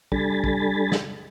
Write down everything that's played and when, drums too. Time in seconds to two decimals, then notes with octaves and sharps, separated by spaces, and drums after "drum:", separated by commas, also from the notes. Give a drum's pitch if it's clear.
0.12 G3 D4 A4 G#5 B5 A6, drum: kick
0.44 drum: kick
0.92 drum: snare